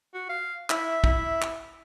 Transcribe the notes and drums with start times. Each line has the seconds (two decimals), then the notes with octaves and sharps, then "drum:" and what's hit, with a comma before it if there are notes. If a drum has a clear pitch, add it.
0.14 F#4
0.29 F5
0.70 E4 E5, drum: clap
1.04 E4, drum: kick
1.42 drum: clap